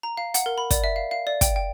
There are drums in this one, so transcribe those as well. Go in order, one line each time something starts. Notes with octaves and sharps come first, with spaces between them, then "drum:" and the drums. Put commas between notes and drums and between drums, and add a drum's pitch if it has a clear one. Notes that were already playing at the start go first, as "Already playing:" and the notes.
A#5
F5
F#5, drum: hi-hat
A#4
B5
D5, drum: kick, hi-hat
E5
F5
F5
D5
G5, drum: kick, hi-hat
G5